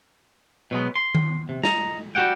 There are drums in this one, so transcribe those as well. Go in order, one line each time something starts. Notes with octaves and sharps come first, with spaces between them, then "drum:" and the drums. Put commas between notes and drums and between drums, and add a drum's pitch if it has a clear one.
B2 F#3 G#3 B3
C6
drum: tom D#3
C3
D#4 A#5, drum: snare
G3 F#4 G4 F#5 G5